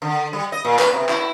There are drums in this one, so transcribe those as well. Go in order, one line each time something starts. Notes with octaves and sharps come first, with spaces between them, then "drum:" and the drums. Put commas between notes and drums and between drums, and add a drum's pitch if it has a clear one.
D3
G3
D#5
A#2
B4, drum: clap
C3
E4, drum: clap